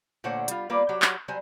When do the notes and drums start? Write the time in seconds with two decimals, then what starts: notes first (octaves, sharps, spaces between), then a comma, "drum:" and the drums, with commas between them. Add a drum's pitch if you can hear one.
0.24 A#2 D3 A3 C5 C#5 F#5
0.48 G3 F4, drum: hi-hat
0.70 G3 A#3 F4 B4 D5
0.89 F#3 F#4 G4 C#5
1.02 drum: clap
1.28 F#3 G3 C5 G#5